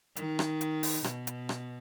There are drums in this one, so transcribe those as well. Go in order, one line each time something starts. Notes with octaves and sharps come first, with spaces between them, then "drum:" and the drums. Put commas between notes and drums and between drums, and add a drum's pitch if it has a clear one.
D#3, drum: hi-hat
drum: rim click
drum: hi-hat
drum: open hi-hat
B2, drum: rim click
drum: hi-hat
drum: rim click